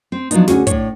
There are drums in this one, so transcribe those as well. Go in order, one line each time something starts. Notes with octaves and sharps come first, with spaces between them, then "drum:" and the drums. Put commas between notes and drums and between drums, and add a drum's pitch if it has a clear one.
C4
F3 F#3 B3 C4 D4 D#4, drum: hi-hat
D2 C#4 F#4 G#4, drum: snare
A2 D4 C#5, drum: kick, hi-hat